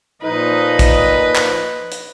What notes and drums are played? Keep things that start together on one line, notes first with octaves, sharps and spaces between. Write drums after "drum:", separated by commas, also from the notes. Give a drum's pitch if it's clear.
A#2 F3 D#4 B4 D#5
drum: kick, hi-hat
drum: clap
drum: hi-hat